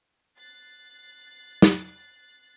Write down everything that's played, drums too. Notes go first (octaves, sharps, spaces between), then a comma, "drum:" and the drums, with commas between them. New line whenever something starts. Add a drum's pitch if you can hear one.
F#6 A6 C7
drum: snare